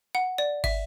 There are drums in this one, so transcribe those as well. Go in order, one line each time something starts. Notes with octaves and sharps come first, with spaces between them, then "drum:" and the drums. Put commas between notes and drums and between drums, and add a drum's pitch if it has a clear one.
F#5
D5
E5, drum: kick, cymbal